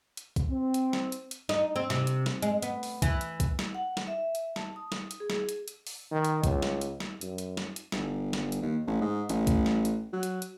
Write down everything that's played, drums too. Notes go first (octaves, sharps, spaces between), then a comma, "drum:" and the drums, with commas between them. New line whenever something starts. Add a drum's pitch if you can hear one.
drum: hi-hat
drum: kick B1, hi-hat
C4
drum: hi-hat
drum: snare
drum: hi-hat
drum: hi-hat
D#4, drum: snare
C4
C3, drum: snare
drum: hi-hat
drum: snare
G#3, drum: hi-hat
B3, drum: hi-hat
drum: open hi-hat
E3, drum: kick B1, hi-hat
drum: hi-hat
drum: kick B1, hi-hat
drum: snare
F#5
drum: snare
E5
drum: hi-hat
A5, drum: snare
D#6
drum: snare
drum: hi-hat
G#4
drum: snare
drum: hi-hat
drum: hi-hat
drum: open hi-hat
D#3
drum: hi-hat
C#2, drum: kick B1, hi-hat
drum: snare
drum: hi-hat
drum: snare
F#2, drum: hi-hat
drum: hi-hat
drum: snare
drum: hi-hat
G1, drum: snare
drum: snare
drum: hi-hat
D#2
A1
G#2
A1, drum: hi-hat
drum: kick B1, hi-hat
drum: snare
drum: hi-hat
F#3
drum: hi-hat
drum: hi-hat